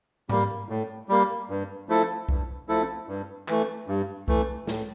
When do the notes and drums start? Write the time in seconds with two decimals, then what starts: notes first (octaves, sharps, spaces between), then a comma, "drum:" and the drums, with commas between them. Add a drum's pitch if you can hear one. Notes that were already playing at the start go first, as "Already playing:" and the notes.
0.29 G3 A#3, drum: tom G#2
0.69 A2
1.09 G3 A#3
1.49 G2
1.89 F3 A3 E4 A4
2.29 G2, drum: kick C2
2.68 F3 A3 E4 A4
3.08 G2
3.48 E3 A3, drum: clap
3.88 G2
4.28 E3 A3, drum: kick C2
4.67 A2, drum: snare